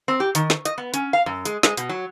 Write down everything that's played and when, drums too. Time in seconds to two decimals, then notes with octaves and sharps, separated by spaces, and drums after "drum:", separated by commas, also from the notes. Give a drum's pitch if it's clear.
0.08 C4
0.20 G4
0.35 D#3, drum: hi-hat
0.50 drum: snare
0.65 D#5, drum: hi-hat
0.78 B3
0.94 C#4, drum: hi-hat
1.13 F5
1.26 F#2
1.45 G#3, drum: hi-hat
1.63 G#3, drum: snare
1.77 B2, drum: hi-hat
1.89 F#3